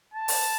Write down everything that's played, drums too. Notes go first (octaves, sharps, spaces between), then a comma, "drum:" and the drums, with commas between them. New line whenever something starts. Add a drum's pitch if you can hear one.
A5
drum: open hi-hat